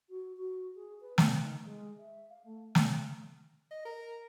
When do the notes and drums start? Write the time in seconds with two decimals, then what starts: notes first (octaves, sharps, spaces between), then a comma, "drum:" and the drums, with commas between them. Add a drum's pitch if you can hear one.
0.09 F#4
0.37 F#4
0.75 G#4
1.01 B4
1.18 B3, drum: snare
1.41 D#3
1.65 G#3
1.98 E5
2.30 F5
2.44 A3
2.75 drum: snare
3.71 D#5
3.85 A#4